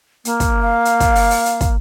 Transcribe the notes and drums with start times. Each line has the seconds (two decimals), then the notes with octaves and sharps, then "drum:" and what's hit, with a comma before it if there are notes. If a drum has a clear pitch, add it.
0.25 A#3, drum: hi-hat
0.40 drum: kick, hi-hat
0.61 F5
0.85 drum: hi-hat
1.00 drum: kick, hi-hat
1.15 drum: open hi-hat
1.30 drum: open hi-hat
1.46 drum: hi-hat
1.61 drum: kick, hi-hat